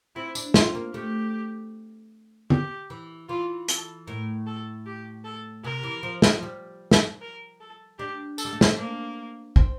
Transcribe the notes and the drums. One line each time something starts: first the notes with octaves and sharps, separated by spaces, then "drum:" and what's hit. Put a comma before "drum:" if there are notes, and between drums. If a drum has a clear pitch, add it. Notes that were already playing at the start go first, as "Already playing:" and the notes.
C4 E4
D4, drum: tambourine
C4 F4, drum: snare
A#3
A3 G4
G4, drum: tom
E3
E3 F4
A4, drum: hi-hat
A2 A#4
A4
G4
A4
C3 A#4
E3
F3
F3, drum: snare
G3
drum: snare
A#4
A4
D4 G4
A4, drum: tambourine
G3
A3
A#3, drum: snare
C4
A#3 D4
C4, drum: kick